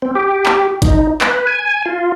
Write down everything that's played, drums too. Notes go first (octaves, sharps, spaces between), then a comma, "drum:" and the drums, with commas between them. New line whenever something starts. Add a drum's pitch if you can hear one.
C4
G4
drum: clap
D#4, drum: kick, hi-hat
B4, drum: clap
G#5
F4